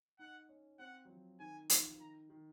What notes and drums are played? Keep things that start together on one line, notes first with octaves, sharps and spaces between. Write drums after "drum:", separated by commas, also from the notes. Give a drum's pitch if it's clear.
D#4 F#5
C#4
C4 F#5
F#3
F3
D#3 G#5
F3, drum: hi-hat
D#3
D#3
A#5
D#3